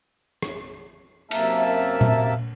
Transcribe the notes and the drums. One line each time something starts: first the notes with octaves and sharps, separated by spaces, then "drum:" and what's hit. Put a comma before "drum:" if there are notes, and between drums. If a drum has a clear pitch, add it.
drum: rim click
F#2 C3 A#3 A#4 E5 A5, drum: cymbal
drum: tom A#2